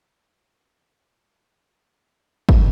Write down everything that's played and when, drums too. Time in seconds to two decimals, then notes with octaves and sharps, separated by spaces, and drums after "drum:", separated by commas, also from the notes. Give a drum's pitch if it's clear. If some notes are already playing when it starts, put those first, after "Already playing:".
0.14 D5 F#5 A5
0.31 G#5 A5
1.28 A3 C#6 E6
1.86 F#5
2.49 drum: kick